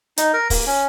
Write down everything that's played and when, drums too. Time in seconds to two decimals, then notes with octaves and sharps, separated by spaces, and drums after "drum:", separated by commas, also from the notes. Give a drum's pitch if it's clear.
0.18 D#4, drum: hi-hat
0.33 A#4
0.50 A#3, drum: kick, open hi-hat
0.66 C#4